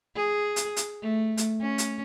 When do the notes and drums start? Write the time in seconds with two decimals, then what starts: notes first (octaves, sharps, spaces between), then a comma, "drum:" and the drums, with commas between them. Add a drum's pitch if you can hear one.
0.15 G#4
0.56 drum: hi-hat
0.76 drum: hi-hat
1.02 A3
1.37 drum: hi-hat
1.61 C#4
1.78 drum: hi-hat